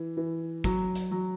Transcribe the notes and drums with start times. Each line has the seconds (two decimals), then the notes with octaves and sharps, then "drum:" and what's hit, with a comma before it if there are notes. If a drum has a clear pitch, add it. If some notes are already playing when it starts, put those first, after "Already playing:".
Already playing: E3
0.17 E3
0.64 F#3, drum: kick, hi-hat
0.95 drum: hi-hat
1.11 F#3